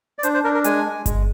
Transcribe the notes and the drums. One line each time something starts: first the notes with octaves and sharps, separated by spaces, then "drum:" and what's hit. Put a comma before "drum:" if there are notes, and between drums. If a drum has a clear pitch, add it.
D5
D4 C5, drum: hi-hat
C5
D4 A#4
A#4
G#3 G#5, drum: hi-hat
G#3
G#3, drum: kick G1, hi-hat